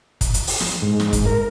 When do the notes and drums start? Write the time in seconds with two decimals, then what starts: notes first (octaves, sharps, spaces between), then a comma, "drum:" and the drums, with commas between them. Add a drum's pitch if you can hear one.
0.21 drum: kick, hi-hat
0.34 drum: hi-hat
0.47 drum: open hi-hat
0.60 drum: snare
0.82 G#2
1.00 drum: snare
1.13 drum: kick, hi-hat
1.26 A#4